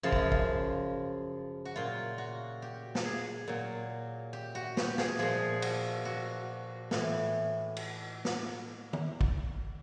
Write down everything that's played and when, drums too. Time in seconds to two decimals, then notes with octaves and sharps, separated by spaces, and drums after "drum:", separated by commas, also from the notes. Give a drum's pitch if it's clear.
0.03 F#2 C#3 F3 F4
0.12 drum: kick
0.32 drum: kick
1.65 F#4
1.76 A#2 F#3 F4
2.18 F#4
2.62 G4
2.95 drum: snare
3.04 G#4
3.48 A#2 F#3
4.33 G4
4.55 F#4
4.77 G4, drum: snare
4.98 G#4, drum: snare
5.19 A#2 F3 G#4
5.62 F#4, drum: cymbal
6.05 F#4
6.91 A2 E3, drum: snare
7.76 drum: cymbal
8.25 drum: snare
8.93 drum: tom
9.21 drum: kick